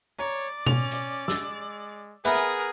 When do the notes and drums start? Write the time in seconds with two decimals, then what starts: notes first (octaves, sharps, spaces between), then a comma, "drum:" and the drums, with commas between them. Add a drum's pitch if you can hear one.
0.19 C#5 D5 A#5
0.66 C#4 F7, drum: tom B2
0.92 drum: hi-hat
1.28 G#3 E6 A6, drum: snare
2.25 B3 G#4 A#4 B4 E5 G#5
2.35 drum: hi-hat